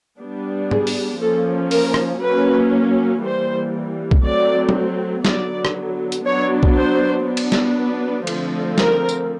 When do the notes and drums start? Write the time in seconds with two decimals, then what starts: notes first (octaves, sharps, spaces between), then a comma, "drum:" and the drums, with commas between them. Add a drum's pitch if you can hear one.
0.20 G3 B3 D4
0.71 G#4, drum: tom G#2
0.87 drum: open hi-hat
1.21 F3 A#3 C#4 A4
1.71 A#4, drum: open hi-hat
1.94 drum: rim click
2.22 F#3 A#3 C#4 B4
3.23 E3 G3 A#3 C5
4.11 drum: kick B1
4.24 F#3 A3 C4 D5
4.69 drum: tom F#3
5.25 D3 F#3 B3 D5, drum: snare
5.65 drum: rim click
6.12 drum: hi-hat
6.25 F#3 B3 D4 C#5
6.63 drum: kick B1
6.76 C5
7.26 F#3 B3 D4
7.37 drum: cymbal
7.52 drum: snare
7.77 B4
8.27 D3 F3 A3 C4, drum: cymbal
8.78 A#4, drum: snare
9.09 drum: tambourine